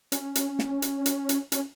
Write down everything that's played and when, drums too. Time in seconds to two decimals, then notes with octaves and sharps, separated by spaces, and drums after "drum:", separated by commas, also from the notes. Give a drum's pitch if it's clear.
0.12 C#4, drum: hi-hat
0.35 drum: hi-hat
0.59 drum: snare
0.82 drum: hi-hat
1.06 drum: hi-hat
1.29 drum: hi-hat
1.52 C#4, drum: hi-hat